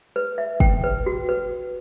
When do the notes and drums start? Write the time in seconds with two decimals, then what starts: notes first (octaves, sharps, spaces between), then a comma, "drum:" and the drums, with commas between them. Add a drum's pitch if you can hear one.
0.16 B4
0.38 E5
0.60 G5, drum: kick
0.84 B4
1.06 F#4
1.29 B4